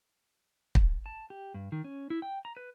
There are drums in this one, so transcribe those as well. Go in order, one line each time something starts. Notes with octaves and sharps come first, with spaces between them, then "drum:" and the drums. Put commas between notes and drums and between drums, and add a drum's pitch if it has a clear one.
drum: kick
A5
G4
G2
D#3
C#4
E4
G5
A#5
B4